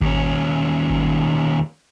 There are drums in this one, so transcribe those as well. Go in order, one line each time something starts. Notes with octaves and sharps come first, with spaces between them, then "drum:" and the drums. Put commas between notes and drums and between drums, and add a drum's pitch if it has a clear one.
D#2 C#4, drum: kick G#1
drum: kick G#1